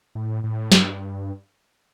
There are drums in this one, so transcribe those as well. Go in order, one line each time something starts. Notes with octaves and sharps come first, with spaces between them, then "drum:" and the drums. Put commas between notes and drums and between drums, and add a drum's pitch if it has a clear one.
A2
A2
G2, drum: snare